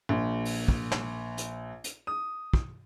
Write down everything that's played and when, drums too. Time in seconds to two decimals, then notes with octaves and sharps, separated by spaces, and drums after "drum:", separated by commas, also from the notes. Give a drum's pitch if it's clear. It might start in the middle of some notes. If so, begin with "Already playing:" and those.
0.09 A#1
0.45 drum: open hi-hat
0.68 drum: kick
0.92 drum: snare
1.38 drum: hi-hat
1.84 drum: hi-hat
2.07 D#6
2.53 drum: kick